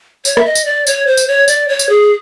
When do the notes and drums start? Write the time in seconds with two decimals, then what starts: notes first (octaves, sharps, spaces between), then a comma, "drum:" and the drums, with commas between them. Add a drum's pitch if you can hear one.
0.25 C#5, drum: tambourine
0.37 E5, drum: rim click
0.45 D#5
0.55 drum: tambourine
0.65 D5
0.87 C#5, drum: tambourine
1.07 C5
1.17 drum: tambourine
1.28 C#5
1.48 D5, drum: tambourine
1.68 C#5
1.79 drum: tambourine
1.89 G#4